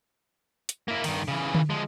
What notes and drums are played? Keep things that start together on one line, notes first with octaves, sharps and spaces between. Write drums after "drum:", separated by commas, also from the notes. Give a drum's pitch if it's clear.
drum: hi-hat
A#3 E4
G2 D#3, drum: cymbal
C#3 E3
drum: tom D3
F3 G#3